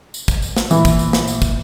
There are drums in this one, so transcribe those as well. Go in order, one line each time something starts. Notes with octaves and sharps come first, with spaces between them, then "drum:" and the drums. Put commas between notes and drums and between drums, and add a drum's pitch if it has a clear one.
drum: tambourine
drum: kick, tambourine
drum: tambourine
drum: snare
A#2 E3, drum: tambourine
drum: kick, tambourine
drum: tambourine
drum: snare
drum: tambourine
drum: kick, tambourine